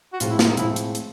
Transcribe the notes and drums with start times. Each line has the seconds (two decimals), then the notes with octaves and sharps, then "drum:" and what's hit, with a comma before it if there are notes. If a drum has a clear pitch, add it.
0.13 F#4
0.20 A2 F3 G#3 C4 F4, drum: hi-hat
0.30 E4
0.39 F4, drum: snare
0.48 D#4
0.57 A2 F3 G#3 C4 E4, drum: hi-hat
0.76 drum: hi-hat
0.95 drum: hi-hat